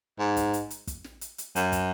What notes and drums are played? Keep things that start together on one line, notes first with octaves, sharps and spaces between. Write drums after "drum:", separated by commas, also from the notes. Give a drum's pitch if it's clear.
G#2
drum: kick, hi-hat
drum: hi-hat
drum: hi-hat
drum: kick, hi-hat
drum: snare
drum: hi-hat
drum: hi-hat
F#2, drum: hi-hat
drum: kick, hi-hat